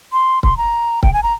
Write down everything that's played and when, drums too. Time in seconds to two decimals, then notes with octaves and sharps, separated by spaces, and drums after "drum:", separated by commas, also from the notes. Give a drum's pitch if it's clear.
0.12 C6
0.43 C6, drum: kick C#1
0.57 A#5
1.03 G5, drum: kick C#1
1.13 G#5
1.23 A#5